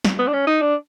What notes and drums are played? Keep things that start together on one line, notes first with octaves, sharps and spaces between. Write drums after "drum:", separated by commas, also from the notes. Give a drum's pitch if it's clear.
drum: snare
B3
D4
C#4
D#4
D4